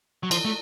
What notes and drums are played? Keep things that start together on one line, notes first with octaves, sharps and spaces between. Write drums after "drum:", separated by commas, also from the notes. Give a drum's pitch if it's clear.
F#3
F3, drum: cymbal
A3